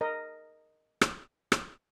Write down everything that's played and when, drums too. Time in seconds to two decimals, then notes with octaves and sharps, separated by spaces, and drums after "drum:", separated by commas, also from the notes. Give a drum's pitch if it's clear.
0.01 A#4 D#5
1.01 drum: rim click
1.52 drum: rim click